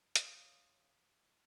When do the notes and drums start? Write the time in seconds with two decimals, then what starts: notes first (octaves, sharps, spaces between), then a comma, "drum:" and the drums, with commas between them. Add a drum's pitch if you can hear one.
0.16 C#5 F5 C6 D6 D#6, drum: hi-hat